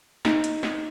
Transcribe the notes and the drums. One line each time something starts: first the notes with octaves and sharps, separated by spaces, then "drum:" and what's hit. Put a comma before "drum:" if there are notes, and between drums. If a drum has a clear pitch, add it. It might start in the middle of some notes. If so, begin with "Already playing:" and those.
D#4, drum: snare
drum: hi-hat
drum: snare